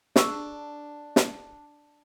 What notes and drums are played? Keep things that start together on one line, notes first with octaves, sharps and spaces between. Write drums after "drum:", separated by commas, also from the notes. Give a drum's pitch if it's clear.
D4 G#4 C#6 E6, drum: snare
drum: snare